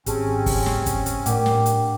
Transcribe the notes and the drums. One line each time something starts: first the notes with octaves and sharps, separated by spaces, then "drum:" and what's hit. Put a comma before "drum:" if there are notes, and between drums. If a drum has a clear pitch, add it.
G#1 C4 C#4 G4 G#4 A5, drum: hi-hat
drum: kick, open hi-hat
drum: snare
drum: kick, hi-hat
drum: hi-hat
A2 D4 G4 A#4 F#5 G5, drum: hi-hat
drum: snare
drum: hi-hat